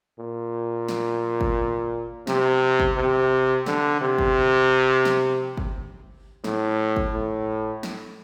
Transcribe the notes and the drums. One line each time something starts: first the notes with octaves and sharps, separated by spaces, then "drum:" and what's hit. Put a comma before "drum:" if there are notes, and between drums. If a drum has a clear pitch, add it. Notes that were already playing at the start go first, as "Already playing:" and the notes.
A#2
drum: snare
drum: kick G1
C3, drum: snare
drum: kick G1
C3
D3, drum: snare
C3
drum: kick G1
drum: snare
drum: kick G1
A2, drum: snare
drum: kick G1
A2
drum: snare